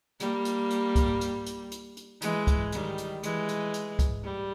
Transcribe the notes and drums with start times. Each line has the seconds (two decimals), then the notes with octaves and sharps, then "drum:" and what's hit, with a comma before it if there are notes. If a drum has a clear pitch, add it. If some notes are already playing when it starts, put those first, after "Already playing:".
0.20 G3 A#3, drum: hi-hat
0.45 drum: hi-hat
0.70 drum: hi-hat
0.96 drum: kick C#2, hi-hat
1.21 drum: hi-hat
1.46 drum: hi-hat
1.71 drum: hi-hat
1.97 drum: hi-hat
2.21 E3 G#3, drum: hi-hat
2.47 drum: kick C#2, hi-hat
2.72 D#3 G3, drum: hi-hat
2.98 drum: hi-hat
3.23 E3 G#3, drum: hi-hat
3.48 drum: hi-hat
3.74 drum: hi-hat
3.99 drum: kick C#2, hi-hat
4.24 G3